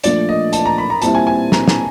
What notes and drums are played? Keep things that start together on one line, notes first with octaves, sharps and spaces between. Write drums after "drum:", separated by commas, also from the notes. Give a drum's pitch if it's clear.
A#2 F3 A3 D4 D5, drum: hi-hat
D#5
A5, drum: hi-hat
A#5
B5
A#5
A#2 G3 C4 E4 A5, drum: hi-hat
G#5
G#5
A#5, drum: snare
A#5, drum: snare